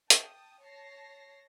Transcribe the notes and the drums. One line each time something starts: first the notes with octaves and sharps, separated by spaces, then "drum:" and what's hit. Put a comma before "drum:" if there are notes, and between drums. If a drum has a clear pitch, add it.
G5 A5 D#6, drum: hi-hat
C#5 A5 A#6 C7